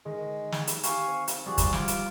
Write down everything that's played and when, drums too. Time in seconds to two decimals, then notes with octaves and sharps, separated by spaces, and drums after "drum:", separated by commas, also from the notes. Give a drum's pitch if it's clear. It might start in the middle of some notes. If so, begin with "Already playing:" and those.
0.05 D#3 G#3
0.52 drum: snare
0.67 drum: hi-hat
0.83 G4 F5 G#5 C#6, drum: hi-hat
1.08 C4
1.28 drum: hi-hat
1.46 F3 G3 F#4 G#4 D5
1.58 drum: kick, hi-hat
1.73 F4 D6, drum: snare
1.88 drum: hi-hat